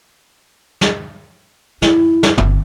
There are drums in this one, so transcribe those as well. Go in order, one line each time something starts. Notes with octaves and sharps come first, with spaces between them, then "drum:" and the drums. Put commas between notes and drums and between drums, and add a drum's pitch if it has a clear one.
drum: snare
F#2 E4, drum: snare
drum: snare
G1 C4, drum: tom